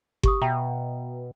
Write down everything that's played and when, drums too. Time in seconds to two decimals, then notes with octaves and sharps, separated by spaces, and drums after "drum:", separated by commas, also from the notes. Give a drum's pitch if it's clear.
0.23 G4 C#6 D#6, drum: kick G1
0.42 B2 E5 G5 A#5